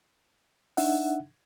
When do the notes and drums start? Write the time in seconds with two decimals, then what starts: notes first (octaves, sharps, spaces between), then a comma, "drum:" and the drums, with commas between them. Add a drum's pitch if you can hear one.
0.77 D4 D#4 E5 F#5, drum: open hi-hat